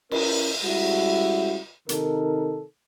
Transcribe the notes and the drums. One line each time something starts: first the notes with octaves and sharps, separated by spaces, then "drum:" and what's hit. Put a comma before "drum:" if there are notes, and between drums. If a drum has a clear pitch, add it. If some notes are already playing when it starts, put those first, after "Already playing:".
C#4 E4 A#4, drum: cymbal
G3 G#3 C#4 E4 F#4
C3 D#3 D#4 A4 A#4, drum: hi-hat